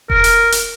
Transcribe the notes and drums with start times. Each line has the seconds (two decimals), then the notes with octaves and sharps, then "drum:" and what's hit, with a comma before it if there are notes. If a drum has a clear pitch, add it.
0.10 A#4, drum: kick E1
0.24 drum: hi-hat
0.52 drum: hi-hat